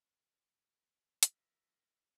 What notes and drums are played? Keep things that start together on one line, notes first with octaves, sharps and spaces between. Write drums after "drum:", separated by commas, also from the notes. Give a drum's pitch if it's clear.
F3 A#4 E5, drum: hi-hat